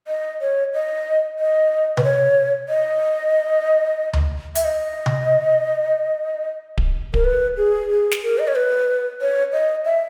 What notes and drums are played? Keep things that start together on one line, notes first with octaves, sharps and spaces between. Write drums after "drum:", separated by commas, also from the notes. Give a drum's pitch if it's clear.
D#5
C#5
D#5
D#5
B4, drum: tom C3
C#5
D#5
drum: tom D2
E5, drum: hi-hat
D#5
drum: tom C3
drum: kick D1
A#4, drum: kick D1
B4
G#4
G#4
drum: snare
A#4
D#5
C#5
B4
C#5
D#5
E5